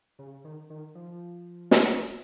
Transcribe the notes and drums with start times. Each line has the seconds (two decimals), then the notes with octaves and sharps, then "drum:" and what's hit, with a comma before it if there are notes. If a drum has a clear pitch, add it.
0.19 C#3
0.44 D#3
0.70 D#3
0.95 F3
1.71 drum: snare